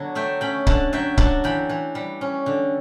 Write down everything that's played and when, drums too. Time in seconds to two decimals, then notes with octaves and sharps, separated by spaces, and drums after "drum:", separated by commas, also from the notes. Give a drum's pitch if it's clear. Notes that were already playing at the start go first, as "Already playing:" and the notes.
Already playing: D3 F#3 B3 D4
0.15 A3 E5 G5
0.41 C#4 G5 B5
0.67 D3 F#5 A5, drum: kick C#1
0.93 F#3 E5 G5
1.18 D4 F#5 A5, drum: kick C#1
1.44 E3 G5 B5
1.69 E3
1.95 G3
2.21 C#4
2.46 D3